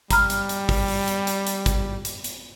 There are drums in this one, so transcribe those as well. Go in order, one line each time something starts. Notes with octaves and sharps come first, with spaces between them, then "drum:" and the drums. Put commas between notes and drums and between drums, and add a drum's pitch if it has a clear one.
G3 A#5 B5 F6, drum: kick, hi-hat
drum: hi-hat
drum: hi-hat
drum: kick, open hi-hat
drum: open hi-hat
drum: hi-hat
drum: hi-hat
drum: hi-hat
drum: kick, hi-hat
drum: hi-hat
drum: hi-hat